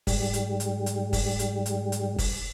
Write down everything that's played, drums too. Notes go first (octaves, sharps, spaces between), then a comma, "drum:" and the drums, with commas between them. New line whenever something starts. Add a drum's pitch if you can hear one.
G#2 G3, drum: kick, open hi-hat
drum: hi-hat
drum: hi-hat
drum: hi-hat
drum: kick, open hi-hat
drum: hi-hat
drum: hi-hat
drum: hi-hat
drum: kick, open hi-hat